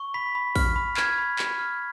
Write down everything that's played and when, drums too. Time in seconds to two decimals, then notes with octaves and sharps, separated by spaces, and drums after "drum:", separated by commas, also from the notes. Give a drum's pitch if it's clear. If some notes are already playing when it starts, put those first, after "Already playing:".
Already playing: C#6
0.14 B5 B6
0.35 B5
0.55 F6, drum: kick, open hi-hat
0.76 B5
0.97 F6 G#6, drum: clap
1.18 B5
1.39 B5, drum: clap
1.59 F6